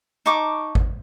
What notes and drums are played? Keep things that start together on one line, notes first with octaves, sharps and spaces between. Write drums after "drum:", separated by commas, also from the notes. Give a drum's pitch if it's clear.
D#4 A5 C#6 D6
drum: kick G#1